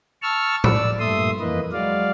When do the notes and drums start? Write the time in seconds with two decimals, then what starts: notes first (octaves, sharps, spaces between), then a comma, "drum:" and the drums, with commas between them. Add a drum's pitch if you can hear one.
0.22 A5 C#6 E6 F6
0.64 D5 E6, drum: tom A2
0.99 G2 A#2 A3 E5 C6 D#6
1.40 F2 E3 A#3 B4 D#5
1.72 F#3 G#3 D5 F5